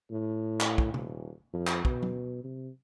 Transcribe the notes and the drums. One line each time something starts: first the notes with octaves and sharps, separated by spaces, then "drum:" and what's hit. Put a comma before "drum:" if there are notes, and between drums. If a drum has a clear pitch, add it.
A2
drum: clap
drum: kick
D#1, drum: tom
F2
drum: clap
B2, drum: kick
drum: tom F#3
C3